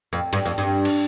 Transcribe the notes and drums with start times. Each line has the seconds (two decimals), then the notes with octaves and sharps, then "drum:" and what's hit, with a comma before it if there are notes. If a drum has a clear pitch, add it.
0.13 F2
0.33 G2, drum: cymbal
0.45 F2
0.58 G2
0.85 drum: cymbal